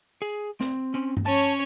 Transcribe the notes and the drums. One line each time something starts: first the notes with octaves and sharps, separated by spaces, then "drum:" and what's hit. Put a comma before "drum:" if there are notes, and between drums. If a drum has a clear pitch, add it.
G#4
C4, drum: snare
C4 C#4
drum: tom G2
C#4 C#5 A5